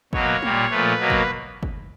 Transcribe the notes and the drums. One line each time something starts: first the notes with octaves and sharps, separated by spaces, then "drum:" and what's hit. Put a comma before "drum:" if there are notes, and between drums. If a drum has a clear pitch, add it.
B2 F#3 A#3 C#5, drum: kick G1
A#2 G3 A#3, drum: tom G#3
A#2 F3 A3 B4
B2 F#3 A#3
drum: kick G1
drum: kick G1